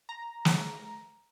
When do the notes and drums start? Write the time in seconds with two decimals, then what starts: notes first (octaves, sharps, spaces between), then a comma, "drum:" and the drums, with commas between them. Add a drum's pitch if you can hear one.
0.09 A#5
0.45 drum: snare